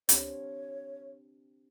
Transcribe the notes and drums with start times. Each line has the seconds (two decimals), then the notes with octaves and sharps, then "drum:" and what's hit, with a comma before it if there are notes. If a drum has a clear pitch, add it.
0.09 C4 D4 G4 C#5, drum: hi-hat